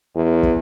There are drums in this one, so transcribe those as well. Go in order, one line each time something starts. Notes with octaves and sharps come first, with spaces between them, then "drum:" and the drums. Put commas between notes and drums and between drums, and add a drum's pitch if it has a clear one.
E2
drum: kick